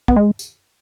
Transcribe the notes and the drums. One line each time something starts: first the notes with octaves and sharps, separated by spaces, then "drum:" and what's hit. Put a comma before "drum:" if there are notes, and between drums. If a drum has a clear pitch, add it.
B3, drum: kick
G#3
drum: tambourine